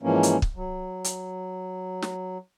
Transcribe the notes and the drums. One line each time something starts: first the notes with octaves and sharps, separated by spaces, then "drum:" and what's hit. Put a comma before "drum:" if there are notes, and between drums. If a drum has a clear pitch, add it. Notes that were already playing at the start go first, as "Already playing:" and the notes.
G#2 E3 F3 A#3 C#4
drum: hi-hat
drum: kick
F#3
drum: hi-hat
drum: snare